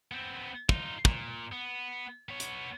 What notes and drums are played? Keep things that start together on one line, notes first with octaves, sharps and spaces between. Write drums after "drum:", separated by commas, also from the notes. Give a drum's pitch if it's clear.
B3 C4
D#4 F4, drum: kick
A#2, drum: kick
B3
B3 C#5
drum: hi-hat